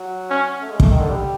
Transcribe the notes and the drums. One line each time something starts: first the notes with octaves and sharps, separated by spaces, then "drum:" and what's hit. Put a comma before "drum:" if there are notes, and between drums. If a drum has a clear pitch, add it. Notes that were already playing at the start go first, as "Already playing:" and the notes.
Already playing: F#3
C#4
A3
G#3
A3, drum: kick
D#3
D3
G3